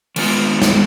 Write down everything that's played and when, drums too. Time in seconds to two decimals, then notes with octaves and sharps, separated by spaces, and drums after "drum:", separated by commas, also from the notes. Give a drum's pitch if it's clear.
0.16 D#3 G#3 B3 F4, drum: cymbal
0.62 drum: snare